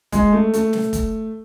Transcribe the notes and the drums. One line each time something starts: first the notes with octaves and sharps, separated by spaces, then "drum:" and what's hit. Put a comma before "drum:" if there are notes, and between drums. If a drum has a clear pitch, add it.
G#3, drum: kick F1, hi-hat
A3
A3, drum: hi-hat
drum: snare
drum: kick F1, hi-hat